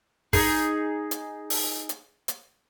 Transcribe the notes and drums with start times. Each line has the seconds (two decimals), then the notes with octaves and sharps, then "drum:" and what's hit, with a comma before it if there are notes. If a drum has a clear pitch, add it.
0.33 D#4 G#4, drum: kick, open hi-hat
1.11 drum: hi-hat
1.50 drum: open hi-hat
1.89 drum: hi-hat
2.28 drum: hi-hat